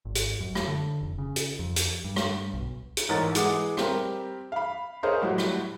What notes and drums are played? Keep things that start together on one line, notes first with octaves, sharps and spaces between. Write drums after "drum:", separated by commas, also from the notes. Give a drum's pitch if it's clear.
G#1
drum: hi-hat
F#2
drum: rim click
D3
F1
C#3
drum: hi-hat
F2
drum: hi-hat
G2
drum: rim click
B1
drum: hi-hat
A1 G#2 A#4 C#5 A#5 A6
E3 G#3 G#4 F#5 D6, drum: hi-hat
G3 C4 G4 A#4, drum: rim click
F5 B5
G#4 A#4 C5 C#5 D#5 F5
A2 F#3 G3 E4
drum: rim click